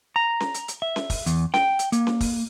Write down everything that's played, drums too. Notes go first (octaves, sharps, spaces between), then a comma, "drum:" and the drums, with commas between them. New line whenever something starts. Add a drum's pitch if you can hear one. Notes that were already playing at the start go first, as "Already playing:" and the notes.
A#5
drum: snare C#4
drum: hi-hat
drum: hi-hat
E5
drum: snare C#4
drum: kick, open hi-hat
E2, drum: hi-hat
G5, drum: snare C#4
drum: hi-hat
A#3, drum: hi-hat
drum: snare C#4
drum: kick, open hi-hat